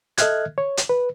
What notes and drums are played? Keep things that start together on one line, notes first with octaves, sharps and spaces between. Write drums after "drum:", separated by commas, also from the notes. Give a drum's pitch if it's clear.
A4 D#5 E5 F6 F#6 G#6, drum: hi-hat
C#5
drum: hi-hat
B4